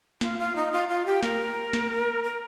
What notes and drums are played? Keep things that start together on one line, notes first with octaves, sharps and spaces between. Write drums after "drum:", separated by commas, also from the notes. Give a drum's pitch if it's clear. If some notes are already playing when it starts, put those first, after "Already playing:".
F4, drum: snare
F4
D#4
F4
F4
G4
A#4, drum: snare
drum: snare
A#4